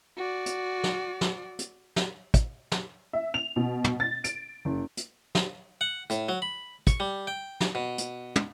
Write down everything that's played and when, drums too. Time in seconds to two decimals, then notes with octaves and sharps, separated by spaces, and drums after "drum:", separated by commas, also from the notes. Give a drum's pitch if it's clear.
0.17 F#4 D5
0.46 drum: hi-hat
0.83 drum: snare
1.21 drum: snare
1.59 drum: hi-hat
1.96 drum: snare
2.34 drum: kick, hi-hat
2.72 drum: snare
3.13 E5
3.34 F7
3.56 B2
3.84 drum: tom
4.00 A6
4.24 D7, drum: hi-hat
4.65 F#1
4.97 drum: hi-hat
5.35 drum: snare
5.81 F#5
6.10 A2, drum: hi-hat
6.29 F#3
6.42 B5
6.87 C#6, drum: kick, hi-hat
7.00 G3
7.27 G5
7.60 drum: snare
7.75 B2
7.98 drum: hi-hat
8.36 drum: tom